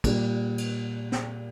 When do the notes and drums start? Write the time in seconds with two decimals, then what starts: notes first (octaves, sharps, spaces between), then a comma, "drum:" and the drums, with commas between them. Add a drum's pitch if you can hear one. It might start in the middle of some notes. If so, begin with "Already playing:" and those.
0.04 A#2 G3, drum: kick, cymbal
0.58 drum: cymbal
1.12 drum: snare